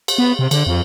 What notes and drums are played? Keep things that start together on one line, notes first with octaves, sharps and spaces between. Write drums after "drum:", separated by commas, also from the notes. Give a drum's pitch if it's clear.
drum: cymbal
B3
C3
D3, drum: cymbal
F2